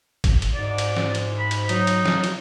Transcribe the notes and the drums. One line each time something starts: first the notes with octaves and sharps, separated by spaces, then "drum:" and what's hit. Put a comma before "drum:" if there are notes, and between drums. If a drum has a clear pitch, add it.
drum: kick G1, cymbal
drum: cymbal
G#2 D5
drum: cymbal
drum: snare
drum: cymbal
B5
drum: cymbal
F#3 D#4, drum: cymbal
drum: cymbal
drum: snare
drum: cymbal